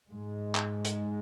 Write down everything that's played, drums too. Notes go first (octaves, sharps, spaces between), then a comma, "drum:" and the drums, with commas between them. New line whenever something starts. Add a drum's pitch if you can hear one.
G#2 G#3
drum: clap
drum: hi-hat